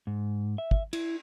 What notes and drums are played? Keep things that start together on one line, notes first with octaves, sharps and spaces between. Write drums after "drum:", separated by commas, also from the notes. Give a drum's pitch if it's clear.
G#2
E5
drum: kick
E4, drum: cymbal